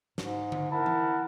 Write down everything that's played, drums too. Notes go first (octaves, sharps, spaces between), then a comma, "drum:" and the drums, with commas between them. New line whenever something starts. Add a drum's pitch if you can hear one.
G#2, drum: snare
drum: tom D3
E4 A#4 F#5 A5
drum: tom E3